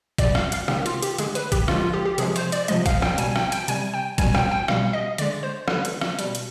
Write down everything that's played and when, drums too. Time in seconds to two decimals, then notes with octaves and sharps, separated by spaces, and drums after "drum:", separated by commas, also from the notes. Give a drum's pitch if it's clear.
0.18 B2 G3 D5, drum: kick, hi-hat
0.35 F5, drum: rim click
0.52 F5, drum: hi-hat
0.68 C3 D#3 G#3 G4, drum: rim click
0.86 F4, drum: hi-hat
1.03 G4, drum: hi-hat
1.18 D3 G#3 G#4, drum: hi-hat
1.35 B4, drum: hi-hat
1.52 G4, drum: kick, hi-hat
1.68 D3 F3 G#3 F4, drum: rim click
1.81 F4
1.93 G4
2.05 G4
2.18 C3 F3 G#3 G#4, drum: hi-hat
2.36 C5, drum: hi-hat
2.52 D5, drum: hi-hat
2.68 C3 F3 G#3 D#5, drum: hi-hat
2.86 F5, drum: kick, hi-hat
3.02 G5, drum: rim click
3.18 B2 G3 G#5, drum: hi-hat
3.36 G5, drum: rim click
3.52 G5, drum: hi-hat
3.68 C3 G3 G#5, drum: hi-hat
3.94 G5
4.18 B2 G3 G#5, drum: kick, hi-hat
4.35 G5, drum: rim click
4.51 G5
4.68 B2 G3 F5, drum: rim click
4.93 D#5
5.18 D3 G#3 D5, drum: hi-hat
5.43 C5
5.68 D3 G3 B4, drum: rim click
5.85 drum: hi-hat
6.01 drum: rim click
6.19 B2 G3, drum: hi-hat
6.35 drum: hi-hat